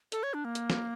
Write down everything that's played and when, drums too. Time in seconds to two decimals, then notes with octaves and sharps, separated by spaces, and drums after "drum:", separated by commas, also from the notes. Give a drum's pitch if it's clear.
0.12 A4, drum: hi-hat
0.23 C#5
0.34 D4
0.45 A#3
0.55 drum: hi-hat
0.70 drum: snare